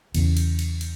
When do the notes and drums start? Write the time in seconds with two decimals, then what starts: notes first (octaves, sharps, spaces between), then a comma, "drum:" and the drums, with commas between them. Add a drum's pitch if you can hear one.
0.15 E2 C#3, drum: cymbal
0.37 drum: cymbal
0.59 drum: cymbal
0.81 drum: cymbal